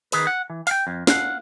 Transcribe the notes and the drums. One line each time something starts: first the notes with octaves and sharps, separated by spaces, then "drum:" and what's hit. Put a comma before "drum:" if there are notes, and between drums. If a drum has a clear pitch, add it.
D#3 G#4 B4, drum: open hi-hat
F#5
E3
F5 G5, drum: open hi-hat
F2
F5 F#5, drum: snare